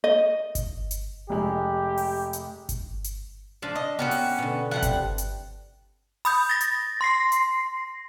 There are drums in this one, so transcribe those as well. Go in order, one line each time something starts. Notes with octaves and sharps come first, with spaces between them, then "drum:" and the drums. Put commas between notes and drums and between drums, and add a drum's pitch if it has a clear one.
D#5
drum: kick G1, hi-hat
drum: hi-hat
F1 G#3 G4
drum: open hi-hat
drum: hi-hat
drum: kick G1, hi-hat
drum: hi-hat
F3 D4 F5 A5
D#5
B3 C#4 F#4 G4 A#4
drum: open hi-hat
B2 D3
C3 F3 G3 F#5
drum: kick G1, hi-hat
drum: hi-hat
B5 D#6 G6, drum: open hi-hat
A6 A#6
drum: hi-hat
C6 A#6 C7
drum: hi-hat